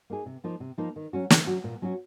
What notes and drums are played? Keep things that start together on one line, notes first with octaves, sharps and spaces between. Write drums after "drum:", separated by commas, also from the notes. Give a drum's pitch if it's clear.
A#3 D#4 G#4
C3
F3 A#3 D#4
C3
F3 A#3 D#4
D#3
F#3 C#4 F#4
D#3, drum: snare
F#3 C#4 F#4
A#2
F#3 C#4 F#4